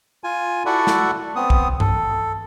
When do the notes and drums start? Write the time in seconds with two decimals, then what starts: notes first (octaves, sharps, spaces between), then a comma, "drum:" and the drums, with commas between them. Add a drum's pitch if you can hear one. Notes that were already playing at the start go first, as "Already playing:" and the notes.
0.24 F4 G#5
0.66 E4 F#4 A4 D5 E5 F#5
0.87 drum: snare
1.36 B3 C4 D#6
1.50 drum: kick
1.80 A4, drum: tom G2